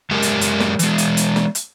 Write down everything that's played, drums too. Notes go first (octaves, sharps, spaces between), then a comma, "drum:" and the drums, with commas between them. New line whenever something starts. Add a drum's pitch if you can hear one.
F#2 G#3 G4 A#4 G#5
drum: hi-hat
drum: hi-hat
drum: snare
E3 G#3, drum: hi-hat
drum: hi-hat
drum: hi-hat
drum: snare
drum: hi-hat